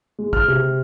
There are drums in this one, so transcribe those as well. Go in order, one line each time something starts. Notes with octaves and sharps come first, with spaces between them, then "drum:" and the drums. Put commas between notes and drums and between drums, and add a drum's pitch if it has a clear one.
G#3
F6, drum: kick
C3